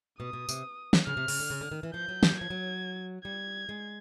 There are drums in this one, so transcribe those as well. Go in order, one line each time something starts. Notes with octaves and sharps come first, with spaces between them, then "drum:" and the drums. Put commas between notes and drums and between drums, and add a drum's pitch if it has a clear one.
B2 D#6
B2
C3, drum: tambourine
drum: snare
C#3 F6
C3
C#3, drum: open hi-hat
D3
C#3
D3
D#3
E3
F3 G6
F#3
G3, drum: snare
F#3
F3 G#6
F#3
G3 G#6
G#3